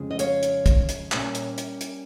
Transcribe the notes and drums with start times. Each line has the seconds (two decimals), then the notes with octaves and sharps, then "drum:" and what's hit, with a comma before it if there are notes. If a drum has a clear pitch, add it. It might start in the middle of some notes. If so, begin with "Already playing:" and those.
Already playing: F2 C#3 G#3
0.11 D#5
0.19 C#5 F5, drum: hi-hat
0.43 drum: hi-hat
0.66 drum: kick, hi-hat
0.89 drum: hi-hat
1.12 A#2 G3 C#4, drum: clap
1.35 drum: hi-hat
1.58 drum: hi-hat
1.81 drum: hi-hat